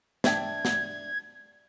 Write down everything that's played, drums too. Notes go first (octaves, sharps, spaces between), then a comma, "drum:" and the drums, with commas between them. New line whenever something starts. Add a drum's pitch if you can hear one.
D4 E5 G5 G#6, drum: snare
drum: snare